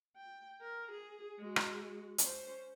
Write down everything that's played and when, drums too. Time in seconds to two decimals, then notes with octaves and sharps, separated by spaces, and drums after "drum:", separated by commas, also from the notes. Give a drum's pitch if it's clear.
0.17 G5
0.62 A#4
0.92 G#4
1.39 G#3 F#4
1.56 drum: rim click
2.18 C#4 C5, drum: hi-hat